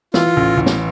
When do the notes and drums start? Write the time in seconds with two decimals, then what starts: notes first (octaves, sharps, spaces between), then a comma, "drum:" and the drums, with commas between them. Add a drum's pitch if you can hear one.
0.14 E3 F4, drum: snare
0.36 A1
0.57 A1
0.66 drum: snare